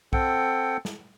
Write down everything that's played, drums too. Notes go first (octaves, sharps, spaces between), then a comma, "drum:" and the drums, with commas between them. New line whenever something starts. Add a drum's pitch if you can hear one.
C4 A4 F#5 G5, drum: kick B1
drum: snare